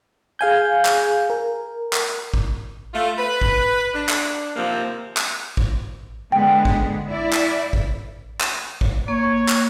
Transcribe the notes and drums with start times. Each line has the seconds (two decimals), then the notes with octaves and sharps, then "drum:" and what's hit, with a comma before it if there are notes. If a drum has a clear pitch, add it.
0.39 G#4 F5 G#5 G6
0.85 drum: clap
1.30 A#4
1.93 drum: clap
2.34 drum: kick
2.93 A3 F4
3.18 B4
3.41 drum: kick
3.94 D4
4.09 drum: clap
4.56 D#2 C3 F3 A#3
5.17 drum: clap
5.57 drum: kick
6.32 D3 G#3 B3 G5
6.65 drum: kick
7.07 E4 D5 E5
7.33 drum: clap
7.73 drum: kick
8.41 drum: clap
8.81 drum: kick
9.08 A#3 C#5
9.49 drum: clap